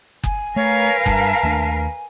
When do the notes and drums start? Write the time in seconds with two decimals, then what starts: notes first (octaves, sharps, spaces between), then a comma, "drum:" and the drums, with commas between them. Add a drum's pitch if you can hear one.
0.24 G#5, drum: kick F#1
0.56 A3 A#4 B4 C#5 F5
1.06 G2 A5, drum: kick F#1
1.43 D#2 A3 D4